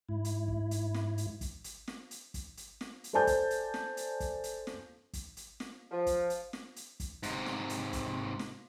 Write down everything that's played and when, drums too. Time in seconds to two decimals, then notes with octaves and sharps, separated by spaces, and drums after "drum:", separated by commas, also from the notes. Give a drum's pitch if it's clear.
0.09 G#2 E4
0.25 drum: hi-hat
0.48 drum: kick
0.71 drum: hi-hat
0.94 drum: snare
1.18 drum: hi-hat
1.41 drum: kick, hi-hat
1.64 drum: hi-hat
1.88 drum: snare
2.11 drum: hi-hat
2.34 drum: kick, hi-hat
2.57 drum: hi-hat
2.81 drum: snare
3.04 drum: hi-hat
3.13 A4 C5 D5 G#5 A5 G6
3.27 drum: kick, hi-hat
3.50 drum: hi-hat
3.74 drum: snare
3.97 drum: hi-hat
4.20 drum: kick, hi-hat
4.44 drum: hi-hat
4.67 drum: snare
5.13 drum: kick, hi-hat
5.37 drum: hi-hat
5.60 drum: snare
5.91 F3
6.07 drum: kick, hi-hat
6.30 drum: hi-hat
6.53 drum: snare
6.76 drum: hi-hat
7.00 drum: kick, hi-hat
7.23 G#2 C3, drum: hi-hat
7.46 drum: snare
7.69 drum: hi-hat
7.93 drum: kick, hi-hat
8.39 drum: snare